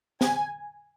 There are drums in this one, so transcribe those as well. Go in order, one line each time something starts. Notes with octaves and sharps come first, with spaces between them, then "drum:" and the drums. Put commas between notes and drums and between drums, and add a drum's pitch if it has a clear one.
G#5, drum: snare